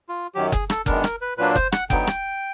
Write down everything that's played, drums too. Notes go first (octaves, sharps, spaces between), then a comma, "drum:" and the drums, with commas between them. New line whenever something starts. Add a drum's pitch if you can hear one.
F4
F#2 D#3 F#3 G4
G#4, drum: kick F#1
A4, drum: rim click
F#2 D#3 G#3 B3 D4 A#4, drum: kick F#1
A#4, drum: rim click
B4
A#2 F#3 A#3 D4 B4
C5, drum: kick F#1
F#5, drum: rim click
D3 F#3 B3 D#4 G5, drum: kick F#1
drum: rim click